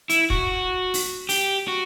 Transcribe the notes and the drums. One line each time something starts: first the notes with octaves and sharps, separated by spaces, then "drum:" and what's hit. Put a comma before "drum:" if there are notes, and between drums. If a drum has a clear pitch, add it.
E4, drum: hi-hat
F#4, drum: kick
drum: open hi-hat
G4, drum: open hi-hat
F#4